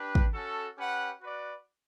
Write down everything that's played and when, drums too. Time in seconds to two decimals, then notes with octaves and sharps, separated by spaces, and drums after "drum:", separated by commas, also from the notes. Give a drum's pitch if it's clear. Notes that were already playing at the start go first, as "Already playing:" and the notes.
Already playing: D4 G4 B4
0.15 drum: kick
0.34 C#4 F#4 A4
0.77 C#4 G4 B4 F#5
1.20 F#4 B4 D5